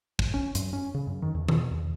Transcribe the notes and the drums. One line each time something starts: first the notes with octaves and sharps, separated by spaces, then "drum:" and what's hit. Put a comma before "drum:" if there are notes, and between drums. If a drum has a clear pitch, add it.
A#1, drum: kick
C#4
F#2, drum: hi-hat
C#4
C#3
F#2
D#3
E2
B2, drum: tom D#3
E2